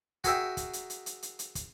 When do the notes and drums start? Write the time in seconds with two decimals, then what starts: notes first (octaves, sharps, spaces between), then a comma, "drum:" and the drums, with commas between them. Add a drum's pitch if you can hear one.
0.24 F#4 G#4 A#4 E5 G5, drum: kick, hi-hat
0.57 drum: kick, hi-hat
0.73 drum: hi-hat
0.90 drum: hi-hat
1.06 drum: hi-hat
1.22 drum: hi-hat
1.39 drum: hi-hat
1.55 drum: kick, hi-hat